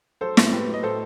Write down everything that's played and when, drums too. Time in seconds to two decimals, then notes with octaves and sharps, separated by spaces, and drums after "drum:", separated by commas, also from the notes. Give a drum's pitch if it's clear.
0.21 F#3 A4 C5
0.37 A2, drum: snare
0.52 A2 G4 B4
0.68 F#3
0.73 D#5
0.83 A2 A4 C5